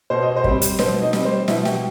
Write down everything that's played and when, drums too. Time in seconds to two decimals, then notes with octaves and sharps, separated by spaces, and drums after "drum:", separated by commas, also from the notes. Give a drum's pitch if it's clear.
0.10 B2 C5
0.23 D#5
0.36 C5
0.44 G3 C4, drum: kick
0.62 drum: hi-hat
0.79 B2 C5, drum: snare
1.02 D#4 D#5
1.13 G3 C4, drum: snare
1.25 C5
1.48 B2 E4 E5, drum: snare
1.65 G4 G5, drum: snare